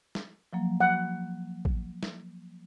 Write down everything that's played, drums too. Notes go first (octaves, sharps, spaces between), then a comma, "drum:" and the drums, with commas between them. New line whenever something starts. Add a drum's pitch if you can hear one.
drum: snare
F3 F#3 A#3
F#5
drum: kick
drum: snare